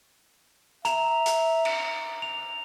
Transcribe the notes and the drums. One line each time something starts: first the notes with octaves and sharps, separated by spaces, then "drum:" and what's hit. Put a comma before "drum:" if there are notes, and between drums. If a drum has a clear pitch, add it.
E5 A#5 F7, drum: hi-hat
drum: hi-hat
drum: cymbal
F7